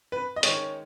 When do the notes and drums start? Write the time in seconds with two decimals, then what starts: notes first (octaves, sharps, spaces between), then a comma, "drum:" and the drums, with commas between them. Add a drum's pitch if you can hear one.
0.12 B4
0.36 D#5
0.43 D#3 G#3 C#4 C#5, drum: hi-hat